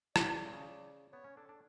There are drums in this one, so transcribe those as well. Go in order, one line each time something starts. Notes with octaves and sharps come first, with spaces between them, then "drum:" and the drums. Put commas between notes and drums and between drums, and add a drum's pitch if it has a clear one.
C#3 D5, drum: rim click
D3
C#3
C#3
B3 C#5
C#4
D4 A4
D4